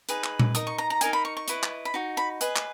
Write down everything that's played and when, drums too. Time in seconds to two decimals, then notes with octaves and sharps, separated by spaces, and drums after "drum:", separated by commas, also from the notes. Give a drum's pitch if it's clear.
0.09 D#4 G#4 B4, drum: hi-hat
0.24 drum: clap
0.40 drum: tom A#2
0.55 D#4 A#4 D#6, drum: hi-hat
0.67 C#6
0.78 A#5
0.90 A#5
1.01 D#4 A#4 D#5 G#5, drum: hi-hat
1.13 B5
1.25 C#6
1.37 C#6
1.48 E4 B4 D#5, drum: hi-hat
1.63 drum: clap
1.85 B5
1.94 D#4 F#4
2.17 B5
2.41 G#4 B4 D#5, drum: hi-hat
2.56 drum: clap